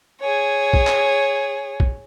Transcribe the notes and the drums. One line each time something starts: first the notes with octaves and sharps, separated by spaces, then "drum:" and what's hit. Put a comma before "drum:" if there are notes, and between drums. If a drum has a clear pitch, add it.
G#4 C#5
drum: kick
drum: clap
drum: kick